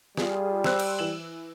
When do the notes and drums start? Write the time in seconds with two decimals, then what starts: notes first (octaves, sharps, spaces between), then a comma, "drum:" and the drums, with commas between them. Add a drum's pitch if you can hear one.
0.17 G3 F4 G#4, drum: snare
0.64 C5 E6 F#6, drum: snare
0.79 drum: cymbal
0.99 E3 E7 F#7